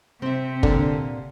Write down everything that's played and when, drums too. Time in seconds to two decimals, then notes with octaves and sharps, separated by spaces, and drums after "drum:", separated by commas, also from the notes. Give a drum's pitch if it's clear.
0.22 C3 C4 E5
0.63 A#2 D3, drum: kick